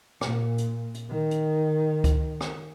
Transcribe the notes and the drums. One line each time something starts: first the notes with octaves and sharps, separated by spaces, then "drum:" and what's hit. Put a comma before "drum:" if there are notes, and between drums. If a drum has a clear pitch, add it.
A#2, drum: rim click
drum: hi-hat
drum: hi-hat
D#3
drum: hi-hat
drum: kick C#2, hi-hat
drum: rim click